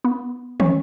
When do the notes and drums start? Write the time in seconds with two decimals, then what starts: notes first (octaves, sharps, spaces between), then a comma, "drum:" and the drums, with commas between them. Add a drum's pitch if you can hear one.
0.04 B3
0.60 C#4, drum: tom